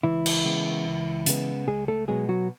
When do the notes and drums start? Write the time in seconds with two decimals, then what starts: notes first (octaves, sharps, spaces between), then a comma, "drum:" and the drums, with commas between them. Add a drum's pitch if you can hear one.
0.03 C#2 E3 E4
0.26 drum: cymbal
0.44 C#3 G#3 B3
0.85 C#2
1.26 C#3 G#3 B3, drum: hi-hat
1.67 C#2 G#3 G#4
1.88 A3 A4
2.08 B2 F#3 G#3 B3 G#4
2.29 F#3 F#4